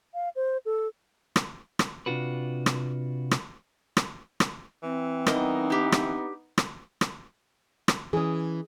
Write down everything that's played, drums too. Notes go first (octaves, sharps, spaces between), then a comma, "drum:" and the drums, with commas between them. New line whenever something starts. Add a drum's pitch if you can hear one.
F5
C5
A4
drum: rim click
drum: rim click
C3 D4 F4 F#4 B4
drum: rim click
drum: rim click
drum: rim click
drum: rim click
E3 C4
G3 B3 D#4 A#4 D#5, drum: rim click
D4 G4
drum: rim click
drum: rim click
drum: rim click
drum: rim click
E3 C#4 G#4